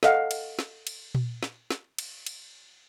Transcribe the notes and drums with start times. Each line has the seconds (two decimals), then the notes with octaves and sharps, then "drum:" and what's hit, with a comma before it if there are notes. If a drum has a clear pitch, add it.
0.03 A4 D#5 F5 F#5, drum: snare
0.31 drum: cymbal
0.59 drum: snare
0.87 drum: cymbal
1.15 drum: tom A#2
1.43 drum: snare
1.71 drum: snare
1.98 drum: cymbal
2.26 drum: cymbal